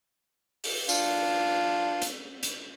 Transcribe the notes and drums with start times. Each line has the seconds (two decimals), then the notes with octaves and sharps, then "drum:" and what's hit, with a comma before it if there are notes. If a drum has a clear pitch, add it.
0.64 drum: open hi-hat
0.89 D4 F4, drum: tambourine
2.02 drum: hi-hat
2.43 drum: hi-hat